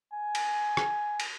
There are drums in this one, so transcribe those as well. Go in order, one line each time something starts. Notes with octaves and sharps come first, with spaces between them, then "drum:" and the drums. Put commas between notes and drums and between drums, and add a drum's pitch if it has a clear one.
G#5
drum: cymbal
drum: rim click
drum: cymbal